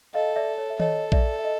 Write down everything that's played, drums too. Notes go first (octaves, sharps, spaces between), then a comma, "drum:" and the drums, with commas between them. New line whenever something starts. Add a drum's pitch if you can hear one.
A4 D#5 F5
D5 E5
C#5
E5
A4 C#5 D#5, drum: tom D#3
D5 E5, drum: kick A#1
E5
D#5